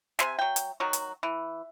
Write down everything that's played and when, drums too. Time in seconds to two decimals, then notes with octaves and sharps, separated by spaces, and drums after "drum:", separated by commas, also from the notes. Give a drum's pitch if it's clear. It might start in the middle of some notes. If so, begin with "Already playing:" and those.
0.19 C3 C5 E5 G#5, drum: snare
0.39 F#3 G5
0.56 drum: hi-hat
0.80 D#3 F#3 F#4
0.93 drum: hi-hat
1.23 E3